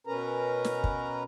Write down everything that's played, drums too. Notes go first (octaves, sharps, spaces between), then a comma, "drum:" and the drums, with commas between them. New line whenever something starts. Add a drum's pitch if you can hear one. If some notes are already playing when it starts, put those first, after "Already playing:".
B2 C#4 A#4 B4 A#5
drum: snare
drum: kick